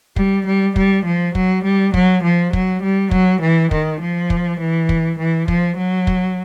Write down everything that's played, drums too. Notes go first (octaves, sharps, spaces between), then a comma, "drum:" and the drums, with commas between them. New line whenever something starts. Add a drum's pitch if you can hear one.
G3, drum: kick
G3
G3, drum: kick
F3
F#3, drum: kick
G3
F#3, drum: kick
F3
F#3, drum: kick
G3
F#3, drum: kick
E3
D#3, drum: kick
F3
drum: kick
E3
drum: kick
E3
F3, drum: kick
F#3
drum: kick